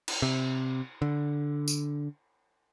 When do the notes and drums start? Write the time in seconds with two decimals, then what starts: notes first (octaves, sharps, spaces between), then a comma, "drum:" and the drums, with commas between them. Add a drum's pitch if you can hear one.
0.08 drum: cymbal
0.22 C3
1.02 D3
1.68 drum: tambourine